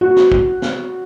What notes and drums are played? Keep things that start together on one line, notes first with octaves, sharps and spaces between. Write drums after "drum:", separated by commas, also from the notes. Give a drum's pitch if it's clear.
F#4
drum: snare
drum: kick
drum: snare